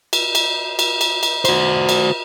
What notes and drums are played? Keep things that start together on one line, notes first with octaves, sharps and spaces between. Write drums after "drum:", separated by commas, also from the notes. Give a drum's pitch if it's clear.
drum: cymbal
drum: cymbal
drum: cymbal
drum: cymbal
drum: cymbal
F#4 C5, drum: cymbal
drum: cymbal